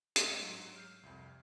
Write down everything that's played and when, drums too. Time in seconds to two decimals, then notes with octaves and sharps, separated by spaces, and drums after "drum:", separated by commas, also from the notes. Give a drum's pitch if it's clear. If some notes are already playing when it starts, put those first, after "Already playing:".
0.16 A2 D#5 C6 E6 B6, drum: hi-hat
0.39 G#2 F#3
0.76 F6 G6 C7
1.03 C2 F2